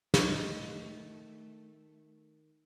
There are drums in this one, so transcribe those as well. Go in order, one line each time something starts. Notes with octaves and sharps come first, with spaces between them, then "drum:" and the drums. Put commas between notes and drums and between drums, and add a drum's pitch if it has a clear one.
D#3 A3, drum: snare